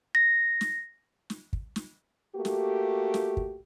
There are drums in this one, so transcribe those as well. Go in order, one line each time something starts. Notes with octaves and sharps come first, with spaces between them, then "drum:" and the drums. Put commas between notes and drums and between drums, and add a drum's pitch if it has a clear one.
A#6
drum: snare
drum: snare
drum: kick
drum: snare
A3 A#3 F#4 G4
drum: snare
drum: snare
drum: kick